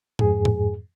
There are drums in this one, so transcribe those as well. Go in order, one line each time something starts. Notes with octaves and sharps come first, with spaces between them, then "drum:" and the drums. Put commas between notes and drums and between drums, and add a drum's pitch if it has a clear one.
F2 G#2 G#4, drum: tom A2
drum: tom A2